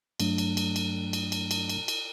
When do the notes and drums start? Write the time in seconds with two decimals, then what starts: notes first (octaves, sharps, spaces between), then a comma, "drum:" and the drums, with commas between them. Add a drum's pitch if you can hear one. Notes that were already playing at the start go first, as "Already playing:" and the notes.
0.20 G2 F#3 A3 D4, drum: cymbal
0.38 drum: cymbal
0.57 drum: cymbal
0.76 drum: cymbal
1.13 drum: cymbal
1.32 drum: cymbal
1.51 drum: cymbal
1.69 drum: cymbal
1.88 drum: cymbal